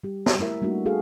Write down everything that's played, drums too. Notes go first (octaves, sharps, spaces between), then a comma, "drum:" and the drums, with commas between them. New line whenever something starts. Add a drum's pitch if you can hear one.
G3 G4
drum: snare
A3 E4 A#4 E5
G3 A3 A#3 D4 D#4 F#4
F#4 G#4 A4 F5